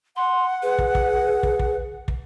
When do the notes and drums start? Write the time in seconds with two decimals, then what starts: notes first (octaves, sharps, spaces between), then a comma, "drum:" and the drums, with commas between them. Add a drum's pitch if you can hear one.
0.17 F#5 C6
0.62 G#4 B4
0.79 drum: kick
0.95 drum: kick
1.43 drum: kick
1.59 drum: kick
2.08 drum: kick